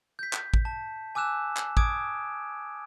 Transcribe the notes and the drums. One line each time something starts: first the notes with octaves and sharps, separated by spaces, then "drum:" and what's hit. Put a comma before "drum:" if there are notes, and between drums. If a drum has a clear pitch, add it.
G6 B6
drum: clap
drum: kick A1
A5
G#5 D6 E6 F#6 E7
drum: clap
D6 D#6 G#6 D7, drum: kick A1